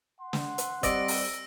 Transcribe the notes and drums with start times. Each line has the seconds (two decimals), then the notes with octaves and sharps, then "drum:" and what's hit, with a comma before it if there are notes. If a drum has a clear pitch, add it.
0.21 F#5 C6
0.33 drum: snare
0.58 drum: hi-hat
0.83 G3 C4 D5 D#5 E6 A#6 D7, drum: kick F#1, hi-hat
1.08 drum: open hi-hat